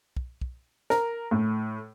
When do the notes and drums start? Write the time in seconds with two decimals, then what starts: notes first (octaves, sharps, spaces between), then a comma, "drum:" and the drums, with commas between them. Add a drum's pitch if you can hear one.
0.17 drum: kick
0.42 drum: kick
0.90 A#4, drum: snare
1.31 A2